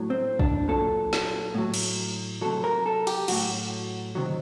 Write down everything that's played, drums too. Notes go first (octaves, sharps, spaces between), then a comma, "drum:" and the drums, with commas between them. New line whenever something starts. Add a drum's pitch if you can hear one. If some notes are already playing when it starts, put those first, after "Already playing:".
Already playing: A2 F#3
C4
D4, drum: kick
A#2 F#3 A4
drum: snare
A2 F#3
drum: cymbal
C3 F#3 A4
A#4
A4
G4, drum: cymbal
A2 F#3 F#4, drum: cymbal
C3 D#3 F#3